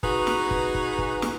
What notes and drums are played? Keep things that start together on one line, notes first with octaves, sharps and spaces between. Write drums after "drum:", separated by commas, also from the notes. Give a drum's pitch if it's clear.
D#4 F#4 G#4 B4, drum: kick
drum: snare
drum: kick
drum: kick
drum: kick
drum: snare